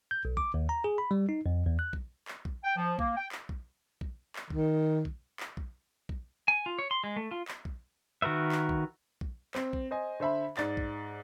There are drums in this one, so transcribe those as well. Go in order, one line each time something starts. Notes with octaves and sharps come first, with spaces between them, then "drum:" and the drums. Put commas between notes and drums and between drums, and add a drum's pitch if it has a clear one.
G6
B1
D6, drum: kick A#1
D#2
A#5
G#4
B5
G3
D#4
F2
E2
F#6
drum: kick A#1
drum: clap
drum: kick A#1
G5
F3
A#3, drum: kick A#1
G5
drum: clap
drum: kick A#1
drum: kick A#1
drum: clap
D#3, drum: kick A#1
drum: kick A#1
drum: clap
drum: kick A#1
drum: kick A#1
G#5
F4
C#5
C6
G#3
A3
F4
drum: clap
drum: kick A#1
D#3 F#4 A#4 B4 E5
drum: clap
drum: kick A#1
drum: kick A#1
C4, drum: clap
drum: kick A#1
C5 D#5 G#5
D3 C5 E5 B5
G#2 D5 A6, drum: clap
drum: kick A#1